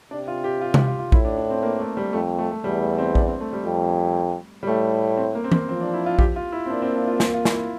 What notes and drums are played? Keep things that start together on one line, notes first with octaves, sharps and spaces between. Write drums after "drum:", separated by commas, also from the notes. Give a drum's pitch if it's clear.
C3 D4
F4
G4
F4
G4, drum: tom C3
F4
F4
A2 E4, drum: kick A#1
D4
D4
C4
A#3
A3
G3
F2 A3
A3
A3
E2 G3
A3
C4
D4, drum: kick A#1
C4
A3
G3
F2
G3
A2 A3
C4
A#3
C4
A#3, drum: tom E3
F3 C4
D4
E4
F4
G4, drum: kick A#1
F4
E4
C4
A#3 D4
C4
D4
F4
F4, drum: snare
F4
E4, drum: snare